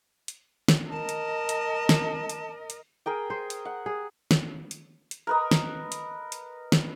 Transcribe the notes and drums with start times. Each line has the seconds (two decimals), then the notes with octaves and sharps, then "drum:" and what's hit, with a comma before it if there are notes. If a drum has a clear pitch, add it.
0.28 drum: hi-hat
0.68 drum: snare
0.90 A#4 D#5 A5
1.09 drum: hi-hat
1.49 drum: hi-hat
1.89 drum: snare
2.29 drum: hi-hat
2.70 drum: hi-hat
3.06 G#4 A#4 G5
3.30 C5
3.50 drum: hi-hat
3.65 F#5
3.86 G#4
4.31 drum: snare
4.71 drum: hi-hat
5.11 drum: hi-hat
5.27 A#4 B4 D#5
5.51 drum: snare
5.92 drum: hi-hat
6.32 drum: hi-hat
6.72 drum: snare